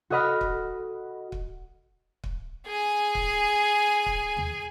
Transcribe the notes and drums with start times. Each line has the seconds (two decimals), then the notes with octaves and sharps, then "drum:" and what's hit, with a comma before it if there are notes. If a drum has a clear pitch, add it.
0.10 F#4 A4 D#5 F#5 B5 F6
0.41 drum: kick
1.32 drum: kick
2.24 drum: kick
2.66 G#4 G#5
3.15 drum: kick
4.06 drum: kick
4.37 drum: tom